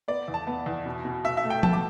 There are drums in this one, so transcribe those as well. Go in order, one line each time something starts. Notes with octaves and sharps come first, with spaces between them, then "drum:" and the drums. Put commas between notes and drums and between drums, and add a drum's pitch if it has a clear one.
B3 D5
E2
A5
B3
E2
B2
B2
B2 E5
E5
A3
G5
B3 A5, drum: tom F3
D6